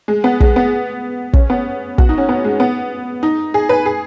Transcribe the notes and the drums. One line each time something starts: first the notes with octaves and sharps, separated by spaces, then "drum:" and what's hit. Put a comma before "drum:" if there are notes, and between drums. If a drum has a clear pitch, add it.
G#3
B3
G#3, drum: kick
B3
C#4, drum: kick
B3
F#4, drum: kick
D#4
C#4
B3
G#3
B3
D#4
G#4
B4
G#4